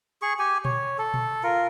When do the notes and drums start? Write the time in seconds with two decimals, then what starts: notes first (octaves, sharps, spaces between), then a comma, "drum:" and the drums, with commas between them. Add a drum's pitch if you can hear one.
0.22 G#4 C#6
0.39 G4 G#5
0.65 C#5, drum: tom A#2
0.98 A4
1.14 drum: tom A#2
1.43 F4 A#4